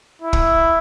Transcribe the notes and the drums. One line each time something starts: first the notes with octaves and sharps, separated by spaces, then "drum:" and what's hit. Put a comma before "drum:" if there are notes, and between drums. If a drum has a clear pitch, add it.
E4
drum: kick